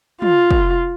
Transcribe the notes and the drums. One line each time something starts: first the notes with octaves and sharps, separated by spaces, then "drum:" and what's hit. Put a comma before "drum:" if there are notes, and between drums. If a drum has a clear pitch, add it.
F4, drum: tom
drum: kick